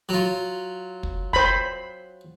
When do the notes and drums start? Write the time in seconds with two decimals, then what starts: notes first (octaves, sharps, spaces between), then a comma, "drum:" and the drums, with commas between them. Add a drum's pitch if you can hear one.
0.09 F#3 F4
1.03 drum: kick
1.33 C5 B5, drum: kick